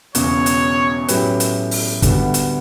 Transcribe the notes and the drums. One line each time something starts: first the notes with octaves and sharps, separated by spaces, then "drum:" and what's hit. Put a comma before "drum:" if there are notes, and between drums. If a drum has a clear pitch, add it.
E1 E2 C#3 C#5, drum: hi-hat
drum: hi-hat
A2 F#3 C#4 G4 B4, drum: hi-hat
drum: hi-hat
drum: open hi-hat
D2 D3 G3 B3 F#4, drum: kick, hi-hat
drum: hi-hat